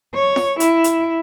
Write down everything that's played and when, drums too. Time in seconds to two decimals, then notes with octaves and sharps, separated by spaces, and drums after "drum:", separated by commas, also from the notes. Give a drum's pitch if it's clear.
0.15 C#5
0.36 drum: snare
0.60 E4, drum: hi-hat
0.84 drum: hi-hat